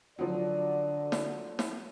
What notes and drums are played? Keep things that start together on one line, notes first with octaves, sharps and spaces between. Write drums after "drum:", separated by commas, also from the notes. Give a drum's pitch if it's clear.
D3 F3 F#3 D5
drum: snare
drum: snare